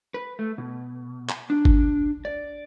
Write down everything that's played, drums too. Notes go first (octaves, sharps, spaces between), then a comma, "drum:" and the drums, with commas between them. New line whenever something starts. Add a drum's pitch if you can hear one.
B4
A3
B2
drum: clap
D4
drum: kick
D5